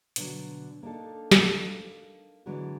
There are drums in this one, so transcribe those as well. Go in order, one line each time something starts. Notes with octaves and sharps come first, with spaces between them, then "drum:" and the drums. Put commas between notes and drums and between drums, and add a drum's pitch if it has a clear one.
B2 D3 F#3, drum: hi-hat
A#3 D4 D#4 A4
drum: snare
D3 E3 F#3 G#3 B3